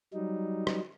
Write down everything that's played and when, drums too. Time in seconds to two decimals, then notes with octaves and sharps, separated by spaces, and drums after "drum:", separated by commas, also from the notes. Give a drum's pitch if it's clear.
0.13 F#3 G3 D#4
0.67 drum: rim click